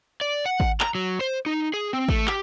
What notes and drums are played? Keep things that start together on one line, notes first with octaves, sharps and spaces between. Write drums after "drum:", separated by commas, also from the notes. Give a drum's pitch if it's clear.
D5
F#5
drum: kick G#1
A#5, drum: clap
F#3
C5
D#4
G#4
C4
A3, drum: kick G#1
G4, drum: clap